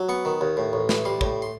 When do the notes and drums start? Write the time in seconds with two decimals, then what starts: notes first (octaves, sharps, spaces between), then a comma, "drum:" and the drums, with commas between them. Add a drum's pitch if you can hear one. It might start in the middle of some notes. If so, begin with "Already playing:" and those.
Already playing: F#3
0.09 B3 C#6
0.25 D#3
0.41 D#2
0.57 A2
0.73 A1
0.89 E3, drum: snare
1.05 G3 C6
1.21 A2, drum: kick
1.42 C6